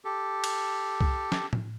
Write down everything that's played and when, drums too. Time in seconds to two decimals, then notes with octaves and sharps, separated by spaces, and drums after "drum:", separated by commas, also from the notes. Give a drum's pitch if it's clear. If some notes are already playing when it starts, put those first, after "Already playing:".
0.05 G4 A4
0.44 drum: cymbal
1.01 drum: kick
1.32 drum: snare
1.53 drum: tom A2